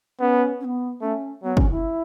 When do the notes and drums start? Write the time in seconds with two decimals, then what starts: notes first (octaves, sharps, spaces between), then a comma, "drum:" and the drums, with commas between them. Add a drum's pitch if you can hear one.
0.20 B3 C#4
0.60 C#4
0.65 B3
1.02 A3 C#4
1.43 F#3 B3
1.57 C#4, drum: kick
1.71 E4